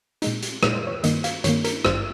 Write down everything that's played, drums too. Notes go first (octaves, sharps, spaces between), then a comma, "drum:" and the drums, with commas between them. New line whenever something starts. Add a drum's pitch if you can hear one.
A#2 G#3 D#4, drum: hi-hat
drum: hi-hat
A#2 G#3 D#4 C#5, drum: rim click
C5
C#5
G2 D#3 A#3 D#5, drum: hi-hat
F5, drum: hi-hat
G2 D#3 A#3 C#5, drum: hi-hat
A#4, drum: hi-hat
G#1 G2 G3 C5, drum: rim click